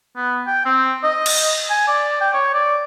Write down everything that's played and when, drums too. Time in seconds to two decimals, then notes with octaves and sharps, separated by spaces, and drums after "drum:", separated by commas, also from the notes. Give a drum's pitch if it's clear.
0.16 B3
0.47 G5
0.65 C4
1.03 D#5
1.26 drum: cymbal
1.70 G#5
1.87 D5
2.21 G5
2.34 C#5
2.54 D5